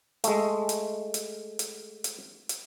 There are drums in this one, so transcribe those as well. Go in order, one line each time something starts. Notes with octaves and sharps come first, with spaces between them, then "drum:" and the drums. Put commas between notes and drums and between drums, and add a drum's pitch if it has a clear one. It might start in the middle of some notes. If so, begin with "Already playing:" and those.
G#3 A3, drum: hi-hat
drum: hi-hat
drum: hi-hat
drum: hi-hat
drum: hi-hat
drum: hi-hat